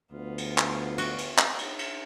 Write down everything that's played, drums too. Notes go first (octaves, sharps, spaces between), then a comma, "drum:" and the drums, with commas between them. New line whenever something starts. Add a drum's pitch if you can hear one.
D2 B3 F4
drum: cymbal
drum: clap
F#4, drum: cymbal
drum: cymbal
drum: clap
drum: cymbal
drum: cymbal